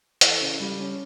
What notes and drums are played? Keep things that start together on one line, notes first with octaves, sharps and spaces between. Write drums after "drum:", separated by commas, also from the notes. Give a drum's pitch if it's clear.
E3 A4, drum: hi-hat
C#3
G3
C#4